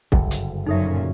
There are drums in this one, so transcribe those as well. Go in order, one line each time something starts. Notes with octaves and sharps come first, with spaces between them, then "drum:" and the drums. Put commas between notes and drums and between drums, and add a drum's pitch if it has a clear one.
F#1 G2 D3, drum: kick
drum: hi-hat
F#2 A#2 C#4 D#4 A4 E5